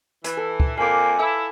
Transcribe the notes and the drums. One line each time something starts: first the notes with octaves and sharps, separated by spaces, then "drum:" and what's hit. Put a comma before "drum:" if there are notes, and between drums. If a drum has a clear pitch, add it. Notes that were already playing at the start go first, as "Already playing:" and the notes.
E3 B5, drum: hi-hat
A4
drum: kick C#2
F2 A#3 G#5 B5 D6
E4 A4 B4 F5